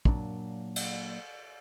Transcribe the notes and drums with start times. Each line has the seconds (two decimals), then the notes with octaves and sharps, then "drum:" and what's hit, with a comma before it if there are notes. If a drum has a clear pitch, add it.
0.05 A#2 F#3 D4, drum: kick
0.76 drum: cymbal